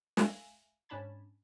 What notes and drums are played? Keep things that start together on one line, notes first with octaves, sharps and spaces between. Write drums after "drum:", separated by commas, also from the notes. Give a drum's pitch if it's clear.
E5 F5 G#5 A#6, drum: snare
G#2 C#4 D4 A5 B5 G#6